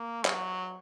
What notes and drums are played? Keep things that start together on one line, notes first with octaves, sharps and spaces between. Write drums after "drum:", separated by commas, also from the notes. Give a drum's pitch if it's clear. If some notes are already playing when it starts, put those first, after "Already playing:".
Already playing: A#3
F#3, drum: clap